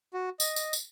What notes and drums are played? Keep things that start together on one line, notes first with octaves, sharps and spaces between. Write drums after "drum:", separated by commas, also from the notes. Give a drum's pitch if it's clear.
F#4
D#5, drum: tambourine
drum: tambourine
drum: tambourine